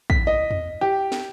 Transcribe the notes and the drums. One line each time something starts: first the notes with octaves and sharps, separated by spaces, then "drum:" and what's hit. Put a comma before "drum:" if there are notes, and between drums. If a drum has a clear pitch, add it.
B6, drum: kick
D#5
drum: tom E2
G4
drum: snare